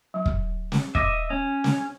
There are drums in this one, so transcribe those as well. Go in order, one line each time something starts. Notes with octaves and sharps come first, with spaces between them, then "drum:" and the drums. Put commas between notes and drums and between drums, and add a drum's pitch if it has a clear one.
F#3
drum: kick
drum: snare
D#5 E5 D6, drum: kick
C#4
drum: snare